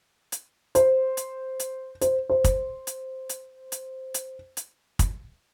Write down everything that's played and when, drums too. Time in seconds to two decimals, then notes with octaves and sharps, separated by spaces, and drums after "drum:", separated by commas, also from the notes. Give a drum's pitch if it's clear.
0.32 drum: hi-hat
0.75 C5, drum: hi-hat
1.17 drum: hi-hat
1.59 drum: hi-hat
2.01 C5, drum: hi-hat
2.29 C5
2.44 drum: kick, hi-hat
2.87 drum: hi-hat
3.29 drum: hi-hat
3.72 drum: hi-hat
4.14 drum: hi-hat
4.57 drum: hi-hat
4.99 drum: kick, hi-hat